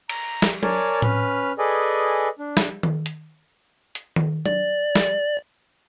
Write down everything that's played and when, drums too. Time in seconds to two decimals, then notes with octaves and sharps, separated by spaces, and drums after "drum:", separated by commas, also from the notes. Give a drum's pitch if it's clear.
0.09 A#5, drum: cymbal
0.42 drum: snare
0.63 A#4 C#5 D5 G#5 A5, drum: tom F#3
1.02 C#4 B4 F6, drum: tom A2
1.58 G#4 A4 B4 D5 D#5 G#5
2.39 D4
2.57 drum: snare
2.83 drum: tom D#3
3.06 drum: hi-hat
3.95 drum: hi-hat
4.16 drum: tom D#3
4.46 D5, drum: tom F#3
4.96 drum: snare